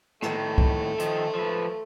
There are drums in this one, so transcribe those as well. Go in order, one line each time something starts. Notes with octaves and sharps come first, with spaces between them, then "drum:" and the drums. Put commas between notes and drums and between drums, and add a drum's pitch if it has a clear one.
A2 D#3 A3, drum: rim click
drum: kick
D#3 F3, drum: hi-hat
F3 B4